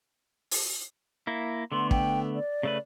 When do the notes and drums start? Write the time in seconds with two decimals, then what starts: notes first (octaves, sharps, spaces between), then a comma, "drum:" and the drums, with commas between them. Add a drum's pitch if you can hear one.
0.51 drum: open hi-hat
1.27 A#3 E4
1.72 D3 A3 B3 C6
1.91 G5, drum: kick
2.34 D5
2.63 C#3 A3 B4